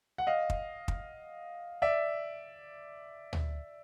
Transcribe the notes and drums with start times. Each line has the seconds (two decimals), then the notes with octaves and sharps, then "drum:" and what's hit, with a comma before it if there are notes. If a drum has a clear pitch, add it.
0.18 F#5
0.27 D#5 F5
0.50 drum: kick
0.88 drum: kick
1.82 D5 E5
3.33 drum: tom